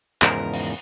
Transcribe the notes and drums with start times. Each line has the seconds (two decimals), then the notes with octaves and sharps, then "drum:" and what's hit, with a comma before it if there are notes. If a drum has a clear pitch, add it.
0.22 E2 G#2 C#3 F3 A#4, drum: clap
0.54 drum: open hi-hat